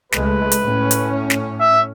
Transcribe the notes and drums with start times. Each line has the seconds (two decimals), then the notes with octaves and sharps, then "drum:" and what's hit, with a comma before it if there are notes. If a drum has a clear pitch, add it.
0.12 C#2 G#3 A3 B4, drum: snare
0.52 drum: hi-hat
0.61 A2 C#4
0.91 drum: hi-hat
1.30 drum: snare
1.61 E5